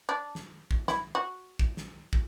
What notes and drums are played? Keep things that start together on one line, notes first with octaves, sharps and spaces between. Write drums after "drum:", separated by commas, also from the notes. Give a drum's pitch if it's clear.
D4
drum: snare
drum: kick
E4, drum: snare
F#4
drum: kick
drum: snare
drum: kick